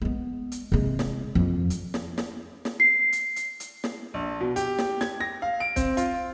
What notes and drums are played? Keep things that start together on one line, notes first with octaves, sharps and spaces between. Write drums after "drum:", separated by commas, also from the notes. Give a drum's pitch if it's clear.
G#3 B3
drum: hi-hat
C3 G#3
drum: snare
F2 F3
drum: hi-hat
drum: snare
drum: snare
drum: snare
C7
drum: hi-hat
drum: hi-hat
drum: hi-hat
drum: snare
A#1
B2
G4, drum: hi-hat
drum: snare
G#6, drum: snare
A#6
F5
D7
C4, drum: kick, hi-hat
F4, drum: hi-hat